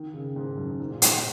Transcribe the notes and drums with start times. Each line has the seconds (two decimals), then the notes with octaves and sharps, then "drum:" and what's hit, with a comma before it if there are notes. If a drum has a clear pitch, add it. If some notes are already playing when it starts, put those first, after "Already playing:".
Already playing: D#3
0.14 C#3
0.36 G#2
0.58 F#2
0.80 G#2
0.90 A#2
1.02 G#2, drum: hi-hat